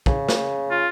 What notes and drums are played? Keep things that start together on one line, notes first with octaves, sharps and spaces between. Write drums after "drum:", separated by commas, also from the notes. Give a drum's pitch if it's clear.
C#3, drum: kick
drum: snare
F4